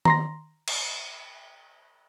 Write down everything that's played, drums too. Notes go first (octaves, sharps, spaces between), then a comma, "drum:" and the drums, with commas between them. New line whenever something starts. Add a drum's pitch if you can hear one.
A#5 C6 A#6, drum: tom D#3
drum: cymbal